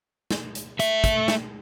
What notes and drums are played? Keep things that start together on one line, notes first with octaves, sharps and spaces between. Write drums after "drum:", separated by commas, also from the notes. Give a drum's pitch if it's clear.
drum: snare
drum: hi-hat
A3 E5, drum: hi-hat
drum: kick, hi-hat
drum: snare